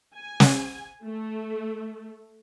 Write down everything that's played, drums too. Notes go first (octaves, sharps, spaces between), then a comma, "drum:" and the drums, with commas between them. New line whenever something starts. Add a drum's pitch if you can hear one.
G#5
drum: snare
A3